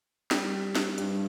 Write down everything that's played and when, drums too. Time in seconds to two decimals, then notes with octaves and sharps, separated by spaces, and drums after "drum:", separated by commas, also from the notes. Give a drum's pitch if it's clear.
0.31 G3 G4, drum: snare
0.75 drum: snare
0.98 G2, drum: hi-hat